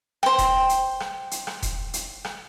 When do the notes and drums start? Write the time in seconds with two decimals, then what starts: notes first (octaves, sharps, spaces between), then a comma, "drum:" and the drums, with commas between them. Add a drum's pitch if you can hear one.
0.23 C5 G5, drum: rim click
0.38 drum: kick E1, hi-hat
0.69 drum: hi-hat
1.00 drum: rim click
1.31 drum: hi-hat
1.47 drum: rim click
1.62 drum: kick E1, hi-hat
1.93 drum: hi-hat
2.25 drum: rim click